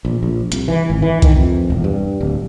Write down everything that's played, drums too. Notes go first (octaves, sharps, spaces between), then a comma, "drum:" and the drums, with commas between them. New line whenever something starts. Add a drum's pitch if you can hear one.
A#1
A#1
C2, drum: hi-hat
E3
G#1
E3
D#3, drum: kick C2, hi-hat
F2
E1
G2
D1